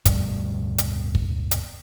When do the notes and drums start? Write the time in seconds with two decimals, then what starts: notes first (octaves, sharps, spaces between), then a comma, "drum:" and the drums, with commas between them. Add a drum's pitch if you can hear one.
0.05 D1 G2 B2 G3, drum: kick, hi-hat
0.78 drum: hi-hat
1.15 drum: kick
1.51 drum: hi-hat